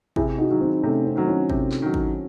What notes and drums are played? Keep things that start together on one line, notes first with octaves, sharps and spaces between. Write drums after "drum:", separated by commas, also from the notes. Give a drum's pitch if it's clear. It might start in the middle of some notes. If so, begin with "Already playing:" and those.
C3 E4 G#4, drum: kick G#1
D#4 F#4
D#3 F#3
C4 D#4
C3 A3 C#4
C4 D#4
D#3 F#3
C#4 E4
C3, drum: kick G#1
drum: clap
D#3 F#3
drum: kick G#1